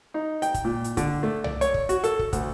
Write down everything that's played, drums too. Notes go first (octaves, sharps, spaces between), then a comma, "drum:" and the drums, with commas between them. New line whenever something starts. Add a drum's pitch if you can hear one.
D#4
G5, drum: hi-hat
drum: kick, hi-hat
A#2
drum: hi-hat
D3, drum: kick, hi-hat
A3
D5, drum: tom C2
C#5, drum: hi-hat
drum: kick
F#4, drum: hi-hat
A4, drum: hi-hat
drum: kick
D2, drum: kick, hi-hat